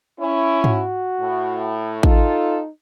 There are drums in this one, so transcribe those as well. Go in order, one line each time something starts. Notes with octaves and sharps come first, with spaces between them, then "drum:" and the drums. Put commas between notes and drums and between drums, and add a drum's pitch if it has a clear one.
C#4 E4
F#4, drum: tom G#2
A2
D#4 F4 A4, drum: kick A1